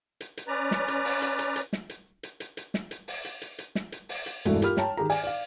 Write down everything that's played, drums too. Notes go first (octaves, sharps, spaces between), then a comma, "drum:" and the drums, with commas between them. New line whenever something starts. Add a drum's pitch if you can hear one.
drum: hi-hat
drum: hi-hat
C#4 B4 D5 A#5
drum: snare
drum: hi-hat
drum: open hi-hat
drum: hi-hat
drum: hi-hat
drum: hi-hat
drum: snare
drum: hi-hat
drum: hi-hat
drum: hi-hat
drum: hi-hat
drum: snare
drum: hi-hat
drum: open hi-hat
drum: hi-hat
drum: hi-hat
drum: hi-hat
drum: snare
drum: hi-hat
drum: open hi-hat
drum: hi-hat
E1 G2 G#3 A3 E4 F#4, drum: hi-hat
F4 G4 A#4 B5 F6, drum: hi-hat
C#5 G5 A5 A#5, drum: snare
D#3 G4 G#4 A#5
D5 G#5, drum: open hi-hat
D5 F5